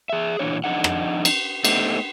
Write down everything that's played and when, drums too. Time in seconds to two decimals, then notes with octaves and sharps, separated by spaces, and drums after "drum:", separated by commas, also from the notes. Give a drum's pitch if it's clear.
0.09 G#4 E5
0.39 A#2 E3 A#3 D4 C#5
0.64 F2 G3 D4 D#4 F#5
0.84 drum: rim click
1.25 drum: cymbal
1.65 A3 B3 D#4 G4 C5, drum: cymbal